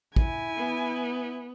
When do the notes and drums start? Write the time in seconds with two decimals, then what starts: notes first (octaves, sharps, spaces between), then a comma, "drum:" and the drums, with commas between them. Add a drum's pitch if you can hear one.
0.16 E4 G#5, drum: kick
0.57 B3